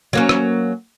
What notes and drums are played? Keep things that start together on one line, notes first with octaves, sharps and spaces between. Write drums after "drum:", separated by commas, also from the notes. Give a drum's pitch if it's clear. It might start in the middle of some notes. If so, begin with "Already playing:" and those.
F#3 A#3 C#4
drum: rim click